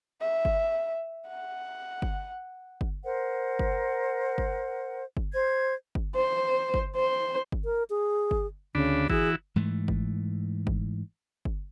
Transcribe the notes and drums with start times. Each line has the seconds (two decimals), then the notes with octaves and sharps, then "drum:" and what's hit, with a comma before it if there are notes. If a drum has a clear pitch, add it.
0.21 E5
0.45 drum: kick G1
1.27 F#5
2.02 drum: kick G1
2.81 drum: kick G1
3.04 A#4 C5 F#5
3.59 drum: kick G1
4.38 drum: kick G1
5.17 drum: kick G1
5.33 C5 G#6
5.95 drum: kick G1
6.15 C5
6.74 drum: kick G1
6.96 C5
7.52 drum: kick G1
7.65 A#4
7.90 G#4
8.31 drum: kick G1
8.75 D2 C#3 D4 B5
9.10 E3 E4 F#4 G#4, drum: kick G1
9.56 G#2 E3 A3
9.88 drum: kick G1
10.67 drum: kick G1
11.45 drum: kick G1